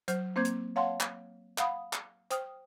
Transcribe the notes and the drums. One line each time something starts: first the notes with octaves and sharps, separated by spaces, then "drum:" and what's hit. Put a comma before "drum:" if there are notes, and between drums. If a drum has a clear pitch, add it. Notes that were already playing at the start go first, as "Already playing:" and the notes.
F#3 C5 F6 G6, drum: hi-hat
A#3 C4 C5 D6 G6 G#6
drum: hi-hat
C#5 F5 F#5 A5 C6
drum: clap
F5 F#5 B5 D#6, drum: clap
drum: clap
C5 G5 D#6 F6, drum: hi-hat